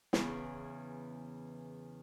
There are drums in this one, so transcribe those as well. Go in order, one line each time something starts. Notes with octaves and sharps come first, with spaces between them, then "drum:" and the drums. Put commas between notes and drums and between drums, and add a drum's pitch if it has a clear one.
E2 C#3 E3, drum: snare